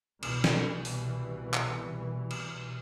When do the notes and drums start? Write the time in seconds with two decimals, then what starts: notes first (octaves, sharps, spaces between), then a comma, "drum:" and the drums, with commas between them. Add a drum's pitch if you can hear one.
0.23 C2 B2 E3, drum: cymbal
0.44 drum: snare
0.85 drum: open hi-hat
1.54 drum: clap
2.31 drum: cymbal